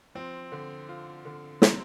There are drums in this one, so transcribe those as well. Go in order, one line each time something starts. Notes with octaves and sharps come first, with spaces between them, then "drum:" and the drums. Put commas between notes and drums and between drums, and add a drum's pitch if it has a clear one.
F3 C4
D3
F4
D3
C3 C4, drum: snare